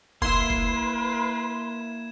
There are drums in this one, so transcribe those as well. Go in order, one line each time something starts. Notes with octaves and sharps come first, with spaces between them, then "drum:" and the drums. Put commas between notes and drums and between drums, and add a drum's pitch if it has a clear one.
A#3 E4 B4 E5 C6 G#6 E7, drum: kick F1
drum: kick F1